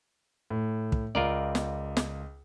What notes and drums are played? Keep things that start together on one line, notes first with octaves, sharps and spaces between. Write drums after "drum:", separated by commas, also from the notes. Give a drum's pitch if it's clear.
A2
drum: kick
C#2 F4 A#4 D5
drum: snare
drum: snare